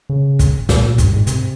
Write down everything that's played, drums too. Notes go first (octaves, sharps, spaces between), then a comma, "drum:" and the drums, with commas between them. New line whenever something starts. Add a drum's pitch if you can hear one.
C#3
drum: kick, hi-hat
A#2, drum: snare
A#2
G2, drum: kick, hi-hat
G#2
C3, drum: hi-hat